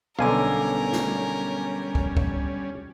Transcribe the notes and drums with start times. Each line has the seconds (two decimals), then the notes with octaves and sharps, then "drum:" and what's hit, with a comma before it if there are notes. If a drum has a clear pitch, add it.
0.19 B1 D3 G3 C#4 A#4 F5 G#5 D6
0.93 drum: snare
1.95 drum: kick
2.17 drum: kick